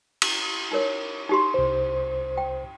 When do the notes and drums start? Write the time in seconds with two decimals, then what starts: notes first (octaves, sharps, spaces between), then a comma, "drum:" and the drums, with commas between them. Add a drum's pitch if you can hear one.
0.22 drum: cymbal
0.72 D#4 A#4 C#5
1.29 D#4 G4 C6
1.54 C2 C5
2.38 G5